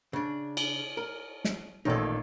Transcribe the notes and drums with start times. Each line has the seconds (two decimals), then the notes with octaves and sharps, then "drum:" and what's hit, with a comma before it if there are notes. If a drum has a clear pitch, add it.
0.13 C#3 D4
0.57 drum: cymbal
0.97 A#4
1.44 drum: snare
1.85 A1 A#2 D#3 D#4 A4